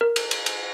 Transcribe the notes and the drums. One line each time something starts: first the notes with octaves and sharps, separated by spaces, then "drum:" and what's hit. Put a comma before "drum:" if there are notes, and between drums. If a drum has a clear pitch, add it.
A#4
drum: cymbal
drum: cymbal
drum: cymbal